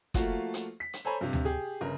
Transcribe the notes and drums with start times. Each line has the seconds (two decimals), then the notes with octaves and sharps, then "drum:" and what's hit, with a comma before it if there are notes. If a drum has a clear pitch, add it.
0.14 F3 A3 A#3 F4 F#4, drum: kick, hi-hat
0.54 drum: hi-hat
0.80 B6
0.93 drum: hi-hat
1.05 A4 C5 C#5 G#5 A#5 B5
1.21 G2 C3
1.33 drum: tom D2
1.45 G4 G#4
1.81 G1 C#3 A#4